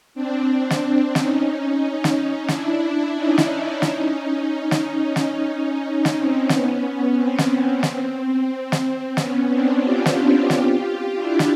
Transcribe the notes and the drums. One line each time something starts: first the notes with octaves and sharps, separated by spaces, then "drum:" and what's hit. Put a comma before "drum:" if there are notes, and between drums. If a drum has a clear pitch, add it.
C4 D4
C4 D4
drum: snare
C4 D4
C#4 D#4, drum: snare
drum: snare
D4 E4, drum: snare
D4 E4
C#4 D#4
drum: snare
C#4 D#4, drum: snare
drum: snare
drum: snare
drum: snare
C4
B3 C#4, drum: snare
C4
drum: snare
B3
C4, drum: snare
drum: snare
B3 C#4, drum: snare
C4 D4
F4 G4
drum: snare
F4 G4
F4 G4, drum: snare
D4 E4
drum: snare